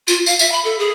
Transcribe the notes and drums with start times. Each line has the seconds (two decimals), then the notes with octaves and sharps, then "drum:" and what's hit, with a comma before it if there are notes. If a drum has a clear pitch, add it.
0.08 F4, drum: tambourine
0.26 F5, drum: tambourine
0.39 E5, drum: tambourine
0.52 B5
0.65 A4
0.79 G#4